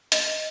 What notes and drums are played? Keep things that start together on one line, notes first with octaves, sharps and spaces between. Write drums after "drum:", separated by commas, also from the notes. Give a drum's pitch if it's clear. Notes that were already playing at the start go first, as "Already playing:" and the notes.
D#5, drum: hi-hat